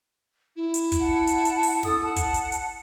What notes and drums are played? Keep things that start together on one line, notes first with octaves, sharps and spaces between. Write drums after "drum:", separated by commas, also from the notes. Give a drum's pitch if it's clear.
E4
drum: hi-hat
drum: kick, hi-hat
F#5 A5
drum: hi-hat
drum: hi-hat
drum: open hi-hat
A4 D#6, drum: snare
F#5 A5
drum: kick, hi-hat
drum: hi-hat
drum: hi-hat